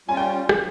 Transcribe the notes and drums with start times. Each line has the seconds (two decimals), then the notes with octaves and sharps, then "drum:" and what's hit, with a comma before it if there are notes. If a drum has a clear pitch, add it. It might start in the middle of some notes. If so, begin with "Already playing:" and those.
0.08 G3 C#4 F4 G#5
0.17 G5
0.49 drum: rim click